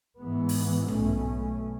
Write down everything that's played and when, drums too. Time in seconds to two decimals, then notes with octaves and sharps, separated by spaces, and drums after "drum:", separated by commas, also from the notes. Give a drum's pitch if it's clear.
0.18 G#2 E3 B3
0.49 drum: open hi-hat
0.88 B1 B2 A3 C#4, drum: tom